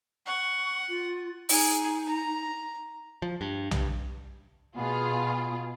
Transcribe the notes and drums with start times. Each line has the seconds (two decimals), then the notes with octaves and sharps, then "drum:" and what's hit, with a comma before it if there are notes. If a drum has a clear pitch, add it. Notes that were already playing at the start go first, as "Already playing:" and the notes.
0.26 F#5 C#6
0.88 F4
1.49 D#4 G#4, drum: open hi-hat
2.06 A#5
3.22 F3
3.41 G2
3.71 G2, drum: tom B1
4.76 B2 B3 F4 G#4